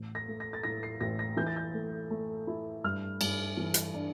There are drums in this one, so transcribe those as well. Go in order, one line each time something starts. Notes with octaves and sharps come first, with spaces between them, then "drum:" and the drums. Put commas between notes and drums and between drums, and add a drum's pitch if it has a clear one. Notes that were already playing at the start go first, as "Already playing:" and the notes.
Already playing: A1
A#6
A3
A#6
A6
A2 A#6
C7
A1 A#6
A#6
E3 G6
A6
G6
A3
A3
E4
G2 F6
G2, drum: cymbal
E3
drum: hi-hat
D4